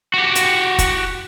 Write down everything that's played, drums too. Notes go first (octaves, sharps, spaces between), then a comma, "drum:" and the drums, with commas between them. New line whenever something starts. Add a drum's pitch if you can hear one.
F#4 G4
drum: hi-hat
drum: kick, hi-hat